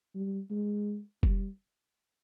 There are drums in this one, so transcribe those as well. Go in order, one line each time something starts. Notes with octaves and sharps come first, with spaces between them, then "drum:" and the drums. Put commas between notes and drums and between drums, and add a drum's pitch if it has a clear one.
G3
G#3
G3, drum: kick